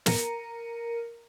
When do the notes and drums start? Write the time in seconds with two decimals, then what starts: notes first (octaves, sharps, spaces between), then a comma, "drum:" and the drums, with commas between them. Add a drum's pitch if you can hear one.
0.06 A#4 A#5 C#7 D#7, drum: snare